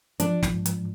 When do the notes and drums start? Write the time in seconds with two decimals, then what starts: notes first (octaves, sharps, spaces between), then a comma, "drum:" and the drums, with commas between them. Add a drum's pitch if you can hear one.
0.20 F3 D4, drum: hi-hat
0.43 drum: snare
0.54 G#2
0.66 drum: hi-hat